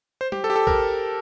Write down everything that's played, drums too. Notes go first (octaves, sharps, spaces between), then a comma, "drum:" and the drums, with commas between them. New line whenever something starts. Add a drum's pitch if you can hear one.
C5
G4, drum: tom G3
A4
G4
A4
A#4, drum: kick A#1